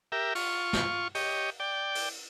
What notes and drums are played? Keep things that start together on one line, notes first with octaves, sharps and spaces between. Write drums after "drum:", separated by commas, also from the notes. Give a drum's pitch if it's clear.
G4 A#4 E5
F4 C#6, drum: open hi-hat
drum: snare
G4 C#5 D#5, drum: open hi-hat
D5 G5
drum: open hi-hat